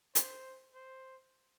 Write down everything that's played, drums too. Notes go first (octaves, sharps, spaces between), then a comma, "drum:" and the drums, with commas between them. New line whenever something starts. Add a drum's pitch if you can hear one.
C5, drum: hi-hat
C5